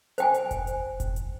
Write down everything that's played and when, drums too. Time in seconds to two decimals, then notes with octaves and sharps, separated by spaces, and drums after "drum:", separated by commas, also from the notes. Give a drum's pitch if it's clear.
0.18 C5 G5 G#5, drum: hi-hat
0.34 drum: hi-hat
0.51 drum: kick F1, hi-hat
0.67 drum: hi-hat
1.00 drum: kick F1, hi-hat
1.16 drum: hi-hat